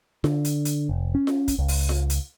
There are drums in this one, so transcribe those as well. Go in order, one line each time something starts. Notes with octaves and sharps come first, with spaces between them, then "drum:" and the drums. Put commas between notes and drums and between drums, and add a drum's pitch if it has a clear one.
D3, drum: snare F4
drum: hi-hat
drum: hi-hat
F1
C#4
drum: snare F4
drum: kick, hi-hat
C#2
drum: open hi-hat
drum: snare F4
drum: hi-hat